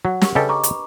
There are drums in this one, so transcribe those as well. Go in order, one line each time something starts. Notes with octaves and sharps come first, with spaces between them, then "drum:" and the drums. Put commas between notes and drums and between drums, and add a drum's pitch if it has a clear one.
F#3 F#5
G4 A#4 C#6, drum: snare
C#3 D4 G4 A4 B4 D#5
A#5 C#6 D6
B5, drum: hi-hat